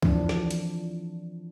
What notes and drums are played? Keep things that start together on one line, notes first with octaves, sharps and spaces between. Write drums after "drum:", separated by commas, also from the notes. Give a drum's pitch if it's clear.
E3 F3 D4, drum: kick C#2
drum: snare
drum: hi-hat